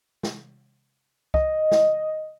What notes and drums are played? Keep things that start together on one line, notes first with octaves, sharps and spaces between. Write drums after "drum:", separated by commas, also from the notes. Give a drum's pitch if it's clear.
drum: snare
D#5, drum: kick C2
drum: snare